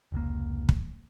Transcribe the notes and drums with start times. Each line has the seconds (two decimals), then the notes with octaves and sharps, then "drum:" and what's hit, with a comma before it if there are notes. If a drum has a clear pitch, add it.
0.12 F1 C#2 A#3
0.69 drum: kick